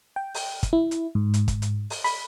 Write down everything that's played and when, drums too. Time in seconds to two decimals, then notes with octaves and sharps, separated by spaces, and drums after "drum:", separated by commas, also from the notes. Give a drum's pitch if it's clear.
0.16 G5
0.34 drum: open hi-hat
0.63 drum: kick, hi-hat
0.73 E4
0.91 drum: hi-hat
1.15 G#2
1.34 drum: hi-hat
1.48 drum: kick, hi-hat
1.62 drum: hi-hat
1.90 drum: open hi-hat
2.04 B5, drum: open hi-hat